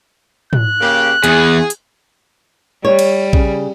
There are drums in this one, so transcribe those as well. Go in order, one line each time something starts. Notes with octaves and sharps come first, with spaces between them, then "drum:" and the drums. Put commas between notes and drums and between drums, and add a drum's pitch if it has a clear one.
F#6, drum: tom
C#3 A#3 G4
E2 G#4, drum: hi-hat
drum: hi-hat
G3 C#5
drum: cymbal
C#3, drum: kick A#1